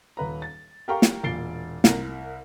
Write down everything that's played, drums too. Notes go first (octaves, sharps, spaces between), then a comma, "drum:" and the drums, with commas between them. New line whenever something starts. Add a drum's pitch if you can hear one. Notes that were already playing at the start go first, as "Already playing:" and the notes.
D#1 B4 A#5
A6
G4 A#4 F5 G5 A#5 C#6
drum: snare
E1 A#2 A6 C7 D7 G7
C2 A#4 A#6, drum: snare